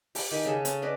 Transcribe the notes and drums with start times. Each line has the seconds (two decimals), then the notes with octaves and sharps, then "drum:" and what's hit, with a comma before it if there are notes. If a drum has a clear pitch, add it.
0.15 G4, drum: open hi-hat
0.31 D#3 G4 G#5
0.45 C#3 G#4 A4
0.65 C#4, drum: hi-hat
0.82 B4 D5 D#5 F5